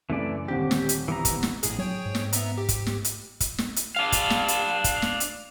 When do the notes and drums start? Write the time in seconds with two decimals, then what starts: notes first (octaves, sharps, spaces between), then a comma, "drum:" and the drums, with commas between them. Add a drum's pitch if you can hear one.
0.10 F#2 C#3 E3 A3 D5
0.48 D#1 D3 C4 G4
0.71 drum: snare
0.89 drum: hi-hat
1.08 E3 B3 A#5
1.25 drum: kick, hi-hat
1.43 drum: snare
1.63 A#1 A2 G#4, drum: hi-hat
1.78 F#3 G#4 C#5 G5
2.06 G#2
2.15 drum: snare
2.33 B3 E5 A#5, drum: hi-hat
2.58 G4
2.69 drum: kick, hi-hat
2.87 drum: snare
3.04 drum: hi-hat
3.40 drum: kick, hi-hat
3.58 drum: snare
3.76 drum: hi-hat
3.96 D4 F5
4.12 drum: kick, hi-hat
4.30 drum: snare
4.48 drum: hi-hat
4.84 drum: kick, hi-hat
5.02 drum: snare
5.20 drum: hi-hat